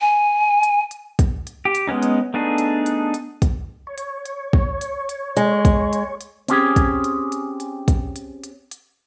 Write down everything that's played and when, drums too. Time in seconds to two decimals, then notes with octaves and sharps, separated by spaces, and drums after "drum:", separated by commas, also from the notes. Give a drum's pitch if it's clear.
0.01 G#5
0.63 drum: hi-hat
0.91 drum: hi-hat
1.19 drum: kick, hi-hat
1.47 drum: hi-hat
1.65 G4
1.75 drum: hi-hat
1.87 G#3 B3 C#4 D#4
2.03 drum: hi-hat
2.34 A3 B3 D4 D#4 G#4
2.58 drum: hi-hat
2.86 drum: hi-hat
3.14 drum: hi-hat
3.42 drum: kick, hi-hat
3.87 C#5
3.98 drum: hi-hat
4.25 drum: hi-hat
4.53 drum: kick
4.81 drum: hi-hat
5.09 drum: hi-hat
5.37 G#3, drum: hi-hat
5.65 drum: kick, hi-hat
5.93 drum: hi-hat
6.21 drum: hi-hat
6.48 C4 C#4 G4 G#4, drum: hi-hat
6.76 drum: kick, hi-hat
7.04 drum: hi-hat
7.32 drum: hi-hat
7.60 drum: hi-hat
7.88 drum: kick, hi-hat
8.16 drum: hi-hat
8.44 drum: hi-hat
8.71 drum: hi-hat